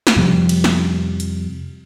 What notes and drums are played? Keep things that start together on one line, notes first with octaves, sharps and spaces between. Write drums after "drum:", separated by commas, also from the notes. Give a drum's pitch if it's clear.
drum: snare
F2 C3 F3 G3
drum: cymbal
drum: snare
drum: hi-hat